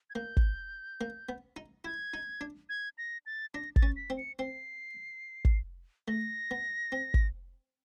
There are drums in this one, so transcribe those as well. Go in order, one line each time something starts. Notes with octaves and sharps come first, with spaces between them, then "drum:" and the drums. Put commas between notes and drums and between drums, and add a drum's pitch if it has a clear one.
G#6
A#3 G6
drum: kick
A#3
B3
D#4
E4 G#6
D#4
D4
G#6
A#6
A6
D4 A#6
A6, drum: kick
C#4
B6
C4
C#7
C4 C7
drum: kick
A3 A#6
B3
C4
drum: kick